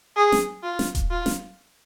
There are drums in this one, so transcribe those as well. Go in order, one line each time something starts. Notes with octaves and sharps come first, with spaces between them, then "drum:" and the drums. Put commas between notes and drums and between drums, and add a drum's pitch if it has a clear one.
G#4
drum: snare
F4
drum: snare
drum: kick D#1, hi-hat
F4
drum: snare